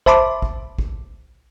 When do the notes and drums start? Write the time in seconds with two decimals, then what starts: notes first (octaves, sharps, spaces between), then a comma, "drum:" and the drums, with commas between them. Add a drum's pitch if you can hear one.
0.06 C5 E5 A5 B5 C6 D6, drum: kick
0.42 drum: kick
0.79 drum: kick